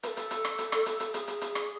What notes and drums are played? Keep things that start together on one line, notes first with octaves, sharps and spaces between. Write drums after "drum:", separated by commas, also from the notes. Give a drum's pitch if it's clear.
B4, drum: hi-hat
A4
drum: hi-hat
drum: hi-hat
drum: rim click
drum: hi-hat
drum: rim click
drum: hi-hat
drum: hi-hat
G#4, drum: hi-hat
drum: hi-hat
drum: hi-hat
drum: rim click